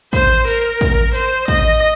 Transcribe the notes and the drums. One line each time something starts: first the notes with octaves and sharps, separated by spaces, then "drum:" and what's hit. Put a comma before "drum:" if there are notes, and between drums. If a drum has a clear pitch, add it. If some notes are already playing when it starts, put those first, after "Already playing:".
C5, drum: kick, hi-hat
A#4, drum: hi-hat
drum: kick, hi-hat
C5, drum: hi-hat
D#5, drum: kick, hi-hat